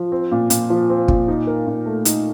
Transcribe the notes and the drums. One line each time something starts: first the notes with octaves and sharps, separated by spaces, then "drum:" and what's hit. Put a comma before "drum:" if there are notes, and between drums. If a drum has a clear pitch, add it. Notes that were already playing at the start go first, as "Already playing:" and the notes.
Already playing: F3
C4
A#2
A#2, drum: hi-hat
F3
C4
A#2, drum: kick
D#4
A#4
A#2
A3
D#4, drum: hi-hat